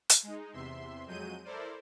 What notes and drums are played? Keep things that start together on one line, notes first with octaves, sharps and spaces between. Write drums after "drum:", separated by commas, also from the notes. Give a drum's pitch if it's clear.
drum: hi-hat
G#3 D#4
E2 C3 E5 C6
F2 F#3 G#3 G6 D#7
E4 A4 A#4 C5 D5